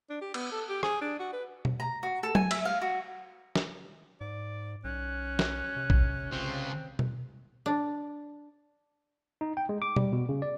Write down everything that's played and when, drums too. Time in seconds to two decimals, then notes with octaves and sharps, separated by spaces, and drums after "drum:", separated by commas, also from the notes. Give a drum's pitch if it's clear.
0.10 D4
0.21 G4
0.34 B3, drum: cymbal
0.52 A4
0.69 G4
0.83 G#4, drum: rim click
1.01 D4
1.19 F#4
1.33 B4
1.65 drum: tom B2
1.80 A#5
2.03 F#4
2.23 A4
2.35 G#5, drum: tom F#3
2.51 E5, drum: cymbal
2.65 F5
2.82 F#4
3.55 drum: snare
4.21 G#2 D5
4.84 B1 C#4 F#6
5.39 drum: snare
5.76 C3
5.90 drum: kick A#1
6.32 C#3 C4 F4
6.99 drum: tom B2
7.66 D4
9.41 D#4
9.57 G5
9.69 G#3
9.82 D6
9.96 G3, drum: tom B2
10.12 B2
10.29 C#3
10.42 D5